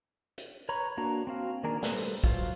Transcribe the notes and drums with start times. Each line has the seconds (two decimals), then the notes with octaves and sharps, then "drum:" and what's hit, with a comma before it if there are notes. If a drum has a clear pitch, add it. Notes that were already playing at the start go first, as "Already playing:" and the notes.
0.38 drum: hi-hat
0.69 B4 C#5 A#5 B5 C#6
0.97 A#3 D4 F#4 A#5
1.27 C4 F#4 F5
1.63 D#3 A#3 D4 G#4 A#4
1.83 G3 A4 B4 C5 F#6, drum: snare
1.97 drum: open hi-hat
2.24 F#3 F4 C5, drum: kick